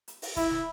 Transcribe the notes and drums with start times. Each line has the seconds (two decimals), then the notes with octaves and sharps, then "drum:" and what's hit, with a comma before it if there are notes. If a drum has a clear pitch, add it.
0.08 drum: hi-hat
0.22 drum: open hi-hat
0.36 E4, drum: kick, hi-hat
0.51 drum: snare